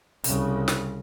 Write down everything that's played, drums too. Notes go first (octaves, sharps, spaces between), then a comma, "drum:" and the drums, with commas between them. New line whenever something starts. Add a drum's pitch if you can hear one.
C2 C#3, drum: hi-hat
drum: snare